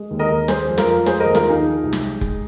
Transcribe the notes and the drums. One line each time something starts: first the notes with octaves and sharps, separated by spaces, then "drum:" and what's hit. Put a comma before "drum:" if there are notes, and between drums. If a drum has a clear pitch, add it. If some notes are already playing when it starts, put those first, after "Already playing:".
Already playing: G#3
D#2
A#4 D#5
D#2
G#3 G#4 C5, drum: snare
F2
F4 A#4, drum: snare
F2
G#3 G#4 C5, drum: snare
A#4 D#5
D#2
F4 A#4, drum: snare
D#2 D#4 G#4
F3
C2
drum: snare
G#3
G#3, drum: kick F1